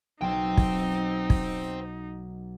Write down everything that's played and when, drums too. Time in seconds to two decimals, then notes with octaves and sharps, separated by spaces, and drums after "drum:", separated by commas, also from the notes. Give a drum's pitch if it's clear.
0.21 B1 D#4 C5 G5
0.57 drum: kick
1.30 drum: kick